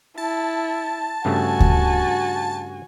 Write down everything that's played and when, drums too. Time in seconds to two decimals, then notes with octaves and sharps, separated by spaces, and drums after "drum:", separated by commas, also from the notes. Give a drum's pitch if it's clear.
0.18 E4 A5
1.25 G2 C#3 A3 F#4 G#5
1.60 drum: kick D2